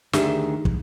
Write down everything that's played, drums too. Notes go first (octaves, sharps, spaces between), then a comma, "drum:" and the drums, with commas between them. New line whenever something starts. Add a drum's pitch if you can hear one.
D2 D#3 D4 G4 G#4 E5, drum: snare
drum: kick